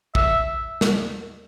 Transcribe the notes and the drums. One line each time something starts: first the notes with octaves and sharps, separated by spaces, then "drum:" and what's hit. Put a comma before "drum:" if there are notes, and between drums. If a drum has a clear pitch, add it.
E5, drum: kick
drum: snare